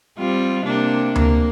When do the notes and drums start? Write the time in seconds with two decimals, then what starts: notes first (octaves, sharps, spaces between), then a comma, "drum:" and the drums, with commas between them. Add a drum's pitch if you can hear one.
0.18 G3 C4 F4
0.65 C3 A#3 D4
1.16 A#3, drum: tom D2